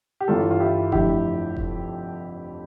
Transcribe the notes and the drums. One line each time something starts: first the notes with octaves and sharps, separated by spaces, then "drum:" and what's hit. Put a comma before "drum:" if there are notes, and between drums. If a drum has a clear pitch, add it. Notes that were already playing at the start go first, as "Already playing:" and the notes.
G4
G1 G2 E3 F4 A4
F4
E4 G4
F1 F2 D3 E4 G4, drum: kick E1
drum: kick E1